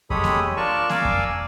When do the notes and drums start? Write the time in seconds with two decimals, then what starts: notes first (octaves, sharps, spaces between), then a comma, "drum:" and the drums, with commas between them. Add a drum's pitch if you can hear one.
0.10 G#3 G4 A4 C#5 B5 D#6, drum: kick F2
0.24 drum: snare A#3
0.57 D4 F4 A#4 D5 A5 C#6
0.89 A#4 D5 F5 G#5 D6 E6, drum: snare A#3
1.05 drum: kick F2